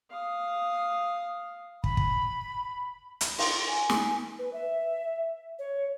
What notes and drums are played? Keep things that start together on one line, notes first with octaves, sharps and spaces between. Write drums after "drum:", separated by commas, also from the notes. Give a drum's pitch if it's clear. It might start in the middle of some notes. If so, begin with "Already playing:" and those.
F5 D#6
B5, drum: kick
drum: kick
drum: hi-hat
C6, drum: open hi-hat
G#5
drum: snare
B4
E5
C#5